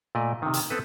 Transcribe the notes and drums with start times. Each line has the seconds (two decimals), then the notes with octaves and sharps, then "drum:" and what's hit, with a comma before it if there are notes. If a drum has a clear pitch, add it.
0.15 A#2 A3 D5 D#5
0.42 C3 D#3
0.54 drum: hi-hat
0.70 B3 C4 A4 B4